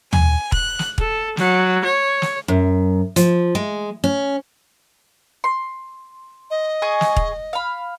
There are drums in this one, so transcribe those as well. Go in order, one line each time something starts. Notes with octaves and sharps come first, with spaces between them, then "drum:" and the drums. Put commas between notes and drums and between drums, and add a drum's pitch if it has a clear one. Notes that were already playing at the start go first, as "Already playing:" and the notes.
G#5, drum: tom
F#6, drum: kick
drum: snare
A4, drum: kick
F#3, drum: snare
C#5
drum: snare
F#2
F3, drum: hi-hat
G#3
C#4
C6
D#5
G#4 G#5 C#6
drum: snare
drum: kick
F5 B5